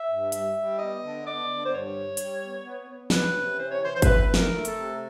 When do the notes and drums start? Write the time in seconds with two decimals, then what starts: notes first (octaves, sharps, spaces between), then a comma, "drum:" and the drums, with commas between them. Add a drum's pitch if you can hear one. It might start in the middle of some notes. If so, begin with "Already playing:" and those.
Already playing: E5
0.09 G2
0.32 G3 E5, drum: hi-hat
0.56 G3
0.78 B3 D#5
1.02 D3
1.25 B3 D5
1.47 D3
1.63 C5
1.71 G2 C#5
1.95 G3
2.17 G3, drum: hi-hat
2.41 B3
2.64 B3
2.87 B3
3.10 C#4 B4, drum: snare
3.34 C3
3.56 E3 C5
3.71 C#5
3.79 E3 C5
3.95 C5
4.02 E3 B4, drum: kick G1, hi-hat
4.27 A3
4.34 A#4, drum: snare
4.49 A3
4.65 A4, drum: hi-hat
4.72 C3